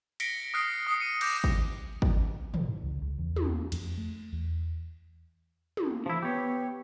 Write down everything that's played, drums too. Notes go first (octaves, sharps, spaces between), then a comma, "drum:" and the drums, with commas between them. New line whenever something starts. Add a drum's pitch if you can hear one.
A#6 B6 C#7 D7 G7, drum: cymbal
D#6 F6 F#6 C7 D7
D#6 C7 C#7
C#7 D#7
D6 G6 A#6, drum: cymbal
drum: kick
drum: kick
E3, drum: tom
C#2
C#2
E2
drum: tom
F2, drum: cymbal
A3
E2
drum: tom
E3 F3 E4
B3 G4 C#5